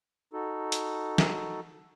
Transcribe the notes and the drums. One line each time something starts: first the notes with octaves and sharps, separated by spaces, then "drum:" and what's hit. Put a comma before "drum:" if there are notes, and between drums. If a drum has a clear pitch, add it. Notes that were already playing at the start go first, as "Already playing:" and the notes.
D#4 F#4 A4
drum: hi-hat
drum: snare